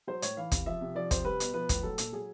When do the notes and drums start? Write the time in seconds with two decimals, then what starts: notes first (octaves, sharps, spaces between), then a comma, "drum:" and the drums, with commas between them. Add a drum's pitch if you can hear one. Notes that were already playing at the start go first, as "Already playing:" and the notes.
0.07 F#3 C5
0.22 A2 C#5, drum: hi-hat
0.37 E3 F5
0.51 C3, drum: kick, hi-hat
0.66 F3 E5
0.81 C3
0.95 F3 D5
1.11 C3 C5, drum: kick, hi-hat
1.25 G3 B4
1.40 B2, drum: hi-hat
1.54 F3 B4
1.69 A2, drum: kick, hi-hat
1.83 F#3 A4
1.98 A#2, drum: hi-hat
2.13 F#3 G#4